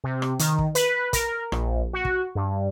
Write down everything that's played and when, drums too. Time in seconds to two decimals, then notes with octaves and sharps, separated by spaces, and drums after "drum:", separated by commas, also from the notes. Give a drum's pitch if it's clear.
0.04 C3
0.22 drum: rim click
0.39 D#3, drum: hi-hat
0.59 drum: kick
0.75 B4, drum: hi-hat
1.13 A#4, drum: kick, hi-hat
1.52 A#1, drum: rim click
1.93 F#4
2.05 drum: kick
2.35 G2